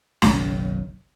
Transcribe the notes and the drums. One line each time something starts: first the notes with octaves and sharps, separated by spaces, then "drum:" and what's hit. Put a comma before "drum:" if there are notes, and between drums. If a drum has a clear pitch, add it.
F#1 B1 D#3 F#3, drum: snare